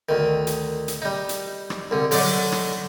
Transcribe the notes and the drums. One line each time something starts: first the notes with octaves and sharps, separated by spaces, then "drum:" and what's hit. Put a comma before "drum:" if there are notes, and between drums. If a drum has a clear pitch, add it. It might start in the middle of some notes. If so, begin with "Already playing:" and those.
D2 D#3
drum: hi-hat
drum: hi-hat
G3 D#4
drum: hi-hat
drum: rim click
C2 D3
D3 F#3 D#4 D5, drum: open hi-hat
drum: rim click